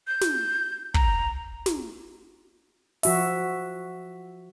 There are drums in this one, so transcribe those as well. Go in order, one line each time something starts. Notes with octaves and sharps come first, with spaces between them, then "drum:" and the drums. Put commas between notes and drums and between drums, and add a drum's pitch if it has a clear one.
G6
drum: snare
A#5, drum: kick
drum: snare
F3 F#4 E5, drum: open hi-hat